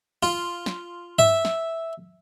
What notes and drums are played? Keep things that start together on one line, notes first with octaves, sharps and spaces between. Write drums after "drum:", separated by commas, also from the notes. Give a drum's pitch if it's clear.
F4
drum: snare
E5, drum: tom G2
drum: snare